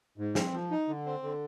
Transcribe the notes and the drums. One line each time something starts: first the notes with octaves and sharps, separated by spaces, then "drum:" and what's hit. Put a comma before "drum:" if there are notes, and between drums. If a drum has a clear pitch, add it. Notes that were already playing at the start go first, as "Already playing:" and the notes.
G#2
C4, drum: snare
F3
D#4
D3
C4
D3